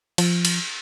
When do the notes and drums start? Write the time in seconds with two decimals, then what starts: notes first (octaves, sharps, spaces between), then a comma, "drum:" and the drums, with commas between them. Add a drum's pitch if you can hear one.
0.18 F3, drum: cymbal
0.45 drum: cymbal